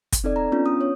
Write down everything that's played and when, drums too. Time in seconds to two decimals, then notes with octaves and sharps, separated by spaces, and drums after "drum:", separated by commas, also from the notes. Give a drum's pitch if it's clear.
0.12 drum: kick, hi-hat
0.24 C4 D#4 A4 D5
0.36 A#5
0.52 B3 C#4 D4 F4
0.66 D#6
0.81 C#5